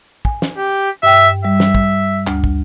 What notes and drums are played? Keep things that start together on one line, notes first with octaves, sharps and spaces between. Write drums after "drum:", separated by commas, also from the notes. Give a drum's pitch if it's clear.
G#5, drum: kick
drum: snare
G4
G2 E5 G5
G3 E5
drum: snare
drum: kick
D2, drum: clap
drum: kick